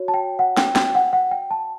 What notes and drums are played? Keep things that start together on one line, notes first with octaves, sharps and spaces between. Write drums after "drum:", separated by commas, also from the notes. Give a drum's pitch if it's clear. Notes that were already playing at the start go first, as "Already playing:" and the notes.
Already playing: F#4 C#5
A5
G5
F#5
G5, drum: snare
G5, drum: snare
F#5
F#5
G5
A5